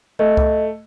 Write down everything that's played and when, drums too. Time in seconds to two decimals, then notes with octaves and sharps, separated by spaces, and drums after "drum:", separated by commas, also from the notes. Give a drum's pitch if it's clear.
0.19 A3 D#5
0.37 drum: kick C2